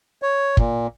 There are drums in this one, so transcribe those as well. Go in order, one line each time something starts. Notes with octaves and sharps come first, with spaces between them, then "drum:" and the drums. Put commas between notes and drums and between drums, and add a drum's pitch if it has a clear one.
C#5
A#2, drum: kick